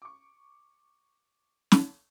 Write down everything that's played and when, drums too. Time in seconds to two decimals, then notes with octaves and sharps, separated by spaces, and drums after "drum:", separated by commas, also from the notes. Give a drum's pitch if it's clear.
0.02 C#6 D6
1.72 drum: snare